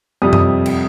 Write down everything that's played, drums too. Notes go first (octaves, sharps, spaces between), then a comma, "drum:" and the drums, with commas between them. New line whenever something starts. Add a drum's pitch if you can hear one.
F2 C3 G3 D#6
D#6, drum: tom F#2
drum: cymbal